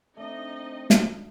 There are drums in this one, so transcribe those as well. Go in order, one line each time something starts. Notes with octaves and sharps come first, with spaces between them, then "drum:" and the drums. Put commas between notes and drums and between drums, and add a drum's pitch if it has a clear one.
A3 C4 D4 D#4 D#5
drum: snare